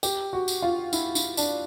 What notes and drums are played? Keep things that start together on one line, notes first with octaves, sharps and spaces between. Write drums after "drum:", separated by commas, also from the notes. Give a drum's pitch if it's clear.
G4, drum: tambourine
F#4
drum: tambourine
F4
E4, drum: tambourine
E4, drum: tambourine
D4, drum: tambourine